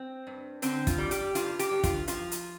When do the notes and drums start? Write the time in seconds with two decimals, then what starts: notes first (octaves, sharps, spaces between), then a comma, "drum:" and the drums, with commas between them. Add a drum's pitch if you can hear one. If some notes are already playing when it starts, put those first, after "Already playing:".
Already playing: C4
0.27 G2
0.62 D3 C4, drum: hi-hat
0.87 F4, drum: kick, hi-hat
0.98 G3
1.11 G4, drum: hi-hat
1.35 G2 F4, drum: hi-hat
1.59 G4, drum: hi-hat
1.71 G2
1.84 F4, drum: kick, hi-hat
2.08 F3 F4, drum: hi-hat
2.31 drum: hi-hat